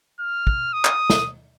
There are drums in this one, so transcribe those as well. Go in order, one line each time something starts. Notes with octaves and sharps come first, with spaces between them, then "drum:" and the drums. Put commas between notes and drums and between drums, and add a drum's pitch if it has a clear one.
F6
drum: kick
D#6
drum: clap
drum: snare